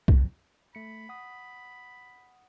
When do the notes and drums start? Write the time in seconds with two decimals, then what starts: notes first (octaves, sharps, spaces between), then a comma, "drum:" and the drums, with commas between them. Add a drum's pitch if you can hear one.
0.08 drum: kick C2
0.75 A3 B5 C#7
1.09 F#5 D#6